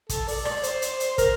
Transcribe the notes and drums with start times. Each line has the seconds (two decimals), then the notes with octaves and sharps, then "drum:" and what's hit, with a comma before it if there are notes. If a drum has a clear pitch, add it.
0.09 A4, drum: kick, hi-hat
0.28 D5, drum: open hi-hat
0.45 D5, drum: rim click
0.64 C5, drum: hi-hat
0.82 drum: hi-hat
1.00 drum: hi-hat
1.18 A#4, drum: kick, hi-hat